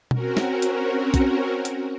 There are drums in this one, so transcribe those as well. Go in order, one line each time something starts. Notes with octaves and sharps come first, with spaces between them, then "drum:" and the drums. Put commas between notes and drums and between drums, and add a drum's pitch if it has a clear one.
C4 C#4 F#4 A#4, drum: tom B2
drum: snare
drum: hi-hat
drum: kick, hi-hat
drum: hi-hat